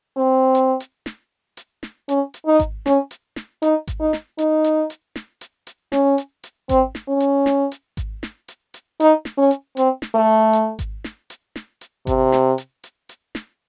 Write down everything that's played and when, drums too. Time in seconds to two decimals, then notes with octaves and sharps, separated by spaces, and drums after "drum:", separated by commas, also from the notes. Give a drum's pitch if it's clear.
0.17 C4
0.55 drum: hi-hat
0.80 drum: hi-hat
1.06 drum: snare
1.57 drum: hi-hat
1.83 drum: snare
2.09 C#4, drum: hi-hat
2.34 drum: hi-hat
2.46 D#4
2.59 drum: kick G#1, hi-hat
2.86 C#4, drum: snare
3.11 drum: hi-hat
3.36 drum: snare
3.62 D#4, drum: hi-hat
3.87 drum: kick G#1, hi-hat
4.00 D#4
4.13 drum: snare
4.38 D#4, drum: hi-hat
4.64 drum: hi-hat
4.90 drum: hi-hat
5.16 drum: snare
5.41 drum: hi-hat
5.67 drum: hi-hat
5.92 C#4, drum: snare
6.18 drum: hi-hat
6.44 drum: hi-hat
6.69 C4, drum: kick G#1, hi-hat
6.95 drum: snare
7.08 C#4
7.20 drum: hi-hat
7.46 drum: snare
7.72 drum: hi-hat
7.97 drum: kick G#1, hi-hat
8.23 drum: snare
8.48 drum: hi-hat
8.74 drum: hi-hat
9.00 D#4, drum: hi-hat
9.25 drum: snare
9.38 C#4
9.51 drum: hi-hat
9.77 C4, drum: hi-hat
10.02 drum: snare
10.15 A3
10.53 drum: hi-hat
10.79 drum: kick G#1, hi-hat
11.04 drum: snare
11.30 drum: hi-hat
11.56 drum: snare
11.81 drum: hi-hat
12.07 C3, drum: kick G#1, hi-hat
12.32 drum: snare
12.58 drum: hi-hat
12.84 drum: hi-hat
13.09 drum: hi-hat
13.35 drum: snare